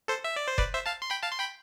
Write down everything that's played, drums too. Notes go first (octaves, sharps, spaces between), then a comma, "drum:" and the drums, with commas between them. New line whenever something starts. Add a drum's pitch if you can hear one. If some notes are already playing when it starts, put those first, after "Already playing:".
A4 C5
E5
D5
C5
B4 D5, drum: kick F1
C5 E5
F5 A5
C6
G5 B5
F5 A5
C6
G5 B5